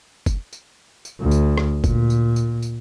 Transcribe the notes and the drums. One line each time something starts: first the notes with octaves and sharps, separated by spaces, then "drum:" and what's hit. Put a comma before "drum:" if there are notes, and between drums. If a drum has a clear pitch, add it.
drum: kick, tambourine
drum: tambourine
drum: tambourine
D2
drum: tambourine
drum: rim click
A#2, drum: kick, tambourine
drum: tambourine
drum: tambourine
drum: tambourine